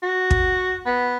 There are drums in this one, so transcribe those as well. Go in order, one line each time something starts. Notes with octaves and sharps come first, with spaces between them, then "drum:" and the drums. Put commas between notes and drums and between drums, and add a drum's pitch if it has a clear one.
F#4
drum: kick
B3